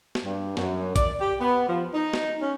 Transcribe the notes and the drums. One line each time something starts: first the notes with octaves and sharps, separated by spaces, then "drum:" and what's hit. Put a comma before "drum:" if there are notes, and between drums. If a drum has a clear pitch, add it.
drum: snare
G2
F#2, drum: snare
D5, drum: kick, hi-hat
G4
B3
F3
D#4
drum: snare
C#4